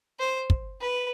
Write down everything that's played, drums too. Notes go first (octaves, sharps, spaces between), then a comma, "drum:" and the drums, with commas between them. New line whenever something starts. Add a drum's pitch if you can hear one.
C5
drum: kick
B4